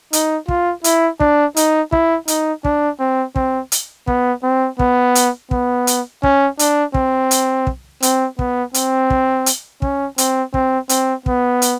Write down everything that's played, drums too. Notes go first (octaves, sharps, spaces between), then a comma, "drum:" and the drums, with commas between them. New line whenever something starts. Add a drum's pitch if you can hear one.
D#4, drum: hi-hat
F4, drum: kick
E4, drum: hi-hat
D4, drum: kick
D#4, drum: hi-hat
E4, drum: kick
D#4, drum: hi-hat
D4, drum: kick
C4
C4, drum: kick
drum: hi-hat
B3, drum: kick
C4
B3, drum: kick
drum: hi-hat
B3, drum: kick
drum: hi-hat
C#4, drum: kick
D4, drum: hi-hat
C4, drum: kick
drum: hi-hat
drum: kick
C4, drum: hi-hat
B3, drum: kick
C4, drum: hi-hat
drum: kick
drum: hi-hat
C#4, drum: kick
C4, drum: hi-hat
C4, drum: kick
C4, drum: hi-hat
B3, drum: kick
drum: hi-hat